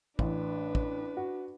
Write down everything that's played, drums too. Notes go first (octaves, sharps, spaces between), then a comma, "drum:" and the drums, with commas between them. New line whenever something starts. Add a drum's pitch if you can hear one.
A1 D4 B4, drum: kick
drum: kick
F#4